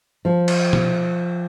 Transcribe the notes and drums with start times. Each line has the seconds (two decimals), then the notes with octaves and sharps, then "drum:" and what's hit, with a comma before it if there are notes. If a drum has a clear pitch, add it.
0.25 F3
0.48 drum: cymbal
0.73 drum: tom B2